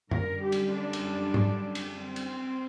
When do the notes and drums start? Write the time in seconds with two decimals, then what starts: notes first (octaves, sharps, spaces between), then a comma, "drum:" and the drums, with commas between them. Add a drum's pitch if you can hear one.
0.11 F#2 D3 G3 A#4, drum: tom F#2
0.42 G4
0.52 drum: cymbal
0.73 D4
0.93 drum: cymbal
1.34 drum: tom G#2
1.75 drum: cymbal
1.95 C4
2.16 drum: cymbal